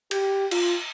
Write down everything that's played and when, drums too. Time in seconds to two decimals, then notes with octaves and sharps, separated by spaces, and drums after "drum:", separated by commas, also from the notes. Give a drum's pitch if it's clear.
0.11 G4, drum: cymbal
0.51 F4, drum: cymbal